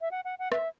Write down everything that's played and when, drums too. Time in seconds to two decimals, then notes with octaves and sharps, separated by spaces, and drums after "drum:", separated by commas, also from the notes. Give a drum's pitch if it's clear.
0.01 E5
0.11 F#5
0.25 F#5
0.39 F#5
0.52 E5, drum: rim click